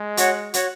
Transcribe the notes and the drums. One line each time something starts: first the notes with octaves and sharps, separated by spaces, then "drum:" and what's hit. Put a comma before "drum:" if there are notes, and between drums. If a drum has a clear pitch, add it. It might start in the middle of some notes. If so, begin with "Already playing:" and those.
Already playing: G#3
F#4 C#5 F#5, drum: hi-hat
F#4 C#5 F#5, drum: hi-hat